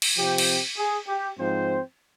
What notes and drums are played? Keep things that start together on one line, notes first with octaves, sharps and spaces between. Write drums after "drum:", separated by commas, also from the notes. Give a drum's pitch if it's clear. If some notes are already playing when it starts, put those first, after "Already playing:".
drum: cymbal
C3 F3 C4 G4
drum: cymbal
G#4
G4
G#2 F3 C4 C5